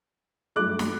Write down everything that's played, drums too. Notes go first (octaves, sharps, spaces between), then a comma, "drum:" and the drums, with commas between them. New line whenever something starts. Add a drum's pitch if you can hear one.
G2 F#3 A3 D6 F#6
drum: snare